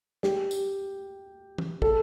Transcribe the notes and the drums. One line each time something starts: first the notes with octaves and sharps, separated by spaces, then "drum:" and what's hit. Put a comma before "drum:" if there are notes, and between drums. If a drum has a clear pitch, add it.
G4, drum: snare
drum: tambourine
drum: tom
A4, drum: kick